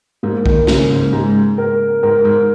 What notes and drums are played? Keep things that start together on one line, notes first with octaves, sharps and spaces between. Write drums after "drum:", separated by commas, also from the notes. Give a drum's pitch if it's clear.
G#2 A#3
D#3, drum: kick
G#2 C#3, drum: snare
G#2
G#2 G#3
A#4
G#2 A#4
G#2